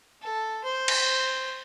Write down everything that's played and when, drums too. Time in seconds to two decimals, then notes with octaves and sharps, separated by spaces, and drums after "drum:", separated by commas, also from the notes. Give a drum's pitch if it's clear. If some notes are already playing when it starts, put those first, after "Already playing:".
0.22 A4
0.64 C5
0.88 drum: cymbal